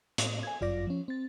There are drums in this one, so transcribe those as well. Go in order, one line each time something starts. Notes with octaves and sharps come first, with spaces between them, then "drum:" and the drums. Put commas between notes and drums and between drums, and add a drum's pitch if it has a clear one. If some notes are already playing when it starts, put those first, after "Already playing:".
A2, drum: hi-hat
G#5 G#6
G1 F#2 F4 D5 D6 A#6
F3 C#4
C4 A6